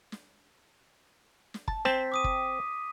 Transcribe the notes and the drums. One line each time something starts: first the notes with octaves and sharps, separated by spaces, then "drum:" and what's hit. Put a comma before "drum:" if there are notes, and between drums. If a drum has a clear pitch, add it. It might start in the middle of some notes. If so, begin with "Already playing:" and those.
drum: snare
drum: snare
A5, drum: kick
C4 C5 A5 B6, drum: snare
D6 D#6 D#7
drum: kick